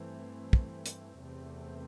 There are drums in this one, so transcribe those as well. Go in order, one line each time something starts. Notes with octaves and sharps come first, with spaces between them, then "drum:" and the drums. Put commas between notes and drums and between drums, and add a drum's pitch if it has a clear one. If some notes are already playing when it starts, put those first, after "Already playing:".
Already playing: G2 E3 A3 C4
drum: kick
drum: hi-hat
E2 C3 A3 C4